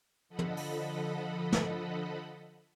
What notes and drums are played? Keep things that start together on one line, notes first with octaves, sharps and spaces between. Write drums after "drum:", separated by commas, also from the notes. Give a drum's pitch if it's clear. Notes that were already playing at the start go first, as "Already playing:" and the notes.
D3 F3 A4 D#5 F#5 B5
drum: tom
drum: open hi-hat
drum: snare